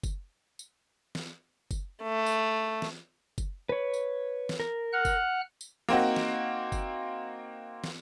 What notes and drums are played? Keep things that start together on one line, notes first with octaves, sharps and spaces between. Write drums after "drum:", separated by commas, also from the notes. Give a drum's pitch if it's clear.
drum: kick F#1, tambourine
drum: tambourine
drum: snare
drum: kick F#1, tambourine
A3
drum: tambourine
drum: snare
drum: kick F#1, tambourine
B4 C#5
drum: tambourine
drum: snare
A#4
F#5 F6 F#6
drum: kick F#1, tambourine
drum: tambourine
A#3 C4 D#4 F#4
drum: snare
drum: kick F#1, tambourine
drum: snare